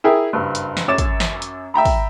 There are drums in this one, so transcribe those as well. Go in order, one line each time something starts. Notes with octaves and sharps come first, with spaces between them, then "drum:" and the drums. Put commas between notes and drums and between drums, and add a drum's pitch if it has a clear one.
E4 G#4 A#4 G5
F#1 G2
drum: hi-hat
drum: snare
F#2 C#5 D6 A6 E7
drum: kick, hi-hat
drum: snare
drum: hi-hat
E5 G5 A#5 B5
drum: kick, open hi-hat